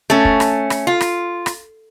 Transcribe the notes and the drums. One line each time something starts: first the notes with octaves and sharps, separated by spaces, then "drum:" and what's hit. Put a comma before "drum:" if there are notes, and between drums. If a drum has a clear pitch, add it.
A3 C#4
drum: kick
drum: rim click
drum: rim click
F4
drum: rim click
drum: rim click